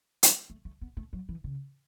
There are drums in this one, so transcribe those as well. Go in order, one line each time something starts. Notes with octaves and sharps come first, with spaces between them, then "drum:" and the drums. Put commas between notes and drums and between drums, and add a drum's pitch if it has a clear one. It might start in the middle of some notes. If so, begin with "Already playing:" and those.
drum: hi-hat
A3
A3
B3
A3
F#3
E3
C#3